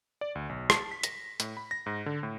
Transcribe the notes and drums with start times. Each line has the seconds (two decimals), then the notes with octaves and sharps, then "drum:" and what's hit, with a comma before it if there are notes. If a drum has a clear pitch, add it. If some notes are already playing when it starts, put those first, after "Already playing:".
0.21 D5
0.35 D2
0.49 B1
0.70 A5, drum: rim click
0.91 B6
1.04 A#6, drum: hi-hat
1.40 A2, drum: hi-hat
1.57 B5
1.71 A#6
1.86 G#2
2.06 D3
2.23 A2